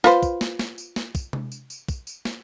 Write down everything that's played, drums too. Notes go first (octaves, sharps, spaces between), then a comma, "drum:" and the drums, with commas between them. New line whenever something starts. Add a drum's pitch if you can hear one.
F4 B4 C5, drum: snare
drum: kick, tambourine
drum: snare
drum: snare
drum: tambourine
drum: snare
drum: kick, tambourine
drum: tom C3
drum: tambourine
drum: tambourine
drum: kick, tambourine
drum: tambourine
drum: snare